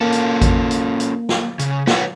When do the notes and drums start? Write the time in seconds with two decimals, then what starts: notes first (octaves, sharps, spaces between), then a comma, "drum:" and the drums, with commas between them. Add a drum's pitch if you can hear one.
0.01 A#3 C#4 F4 A4
0.12 drum: hi-hat
0.42 drum: kick A1, hi-hat
0.71 drum: hi-hat
1.00 drum: hi-hat
1.29 drum: snare
1.59 C#3, drum: hi-hat
1.87 B4 C#5 F#5, drum: snare